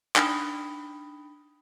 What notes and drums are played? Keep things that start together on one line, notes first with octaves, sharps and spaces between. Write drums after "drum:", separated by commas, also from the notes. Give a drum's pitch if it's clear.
D4 D#4 G5 B5 D#6 E7, drum: clap